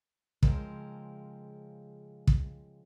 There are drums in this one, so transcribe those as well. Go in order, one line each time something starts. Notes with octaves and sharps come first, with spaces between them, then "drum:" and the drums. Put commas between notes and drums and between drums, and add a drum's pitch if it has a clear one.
C#3 F3 G#3 C4 A#4, drum: kick
drum: kick